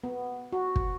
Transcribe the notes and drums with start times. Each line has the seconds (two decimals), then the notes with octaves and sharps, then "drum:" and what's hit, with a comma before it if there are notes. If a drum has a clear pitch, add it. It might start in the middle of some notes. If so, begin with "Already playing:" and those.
0.04 B3
0.53 F#4
0.76 drum: kick